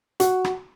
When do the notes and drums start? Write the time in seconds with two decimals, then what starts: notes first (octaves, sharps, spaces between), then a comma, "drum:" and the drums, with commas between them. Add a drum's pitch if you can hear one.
0.20 F#4, drum: hi-hat
0.44 drum: rim click